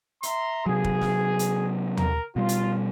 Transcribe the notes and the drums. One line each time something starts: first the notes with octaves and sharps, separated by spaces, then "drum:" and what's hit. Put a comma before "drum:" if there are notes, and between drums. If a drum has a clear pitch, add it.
E5 A#5 C6, drum: hi-hat
C3 F#3 G#4
drum: kick
drum: snare
drum: hi-hat
A#4, drum: tom D#2
B2 G3 F4
drum: hi-hat